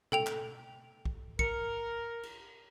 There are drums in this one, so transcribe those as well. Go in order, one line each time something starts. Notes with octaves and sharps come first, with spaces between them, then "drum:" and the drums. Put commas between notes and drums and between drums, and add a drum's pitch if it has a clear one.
A4 G5 F7, drum: tom B2
drum: clap
drum: kick
A#4 C#7, drum: kick
drum: cymbal